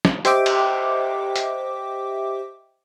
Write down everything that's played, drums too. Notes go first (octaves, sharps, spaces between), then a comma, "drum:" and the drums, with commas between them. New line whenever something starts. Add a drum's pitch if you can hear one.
drum: snare
G4 C5 D#5 E5 G5 D6, drum: hi-hat
drum: cymbal
drum: hi-hat